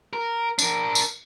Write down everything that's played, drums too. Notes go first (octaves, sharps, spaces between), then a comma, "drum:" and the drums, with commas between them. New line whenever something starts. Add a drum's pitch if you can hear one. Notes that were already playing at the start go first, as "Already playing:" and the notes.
A#4
D4 A#4, drum: tambourine
drum: tambourine